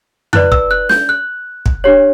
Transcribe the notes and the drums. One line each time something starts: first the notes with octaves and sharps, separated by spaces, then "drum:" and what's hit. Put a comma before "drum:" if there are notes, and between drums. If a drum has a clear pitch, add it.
E4 B4 D5 F#6, drum: tom F2
E6, drum: kick
F#6
G6, drum: snare
F#6
drum: kick
D4 G4 C#5